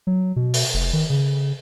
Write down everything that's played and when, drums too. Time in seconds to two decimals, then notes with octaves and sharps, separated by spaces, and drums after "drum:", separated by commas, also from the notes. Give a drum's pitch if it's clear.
0.07 F#3
0.36 B2
0.54 drum: open hi-hat
0.74 F1
0.93 D#3
1.10 C#3